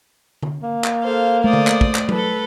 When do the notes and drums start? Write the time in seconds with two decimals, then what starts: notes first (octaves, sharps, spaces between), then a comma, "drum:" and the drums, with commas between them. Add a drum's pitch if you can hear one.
0.43 drum: tom D3
0.63 A#3
0.84 drum: clap
1.02 A4 C5 F5
1.44 A3 C5 D5 D#6
1.53 drum: tom D3
1.67 drum: clap
1.81 drum: kick
1.95 drum: clap
2.09 A4 B4, drum: tom F#3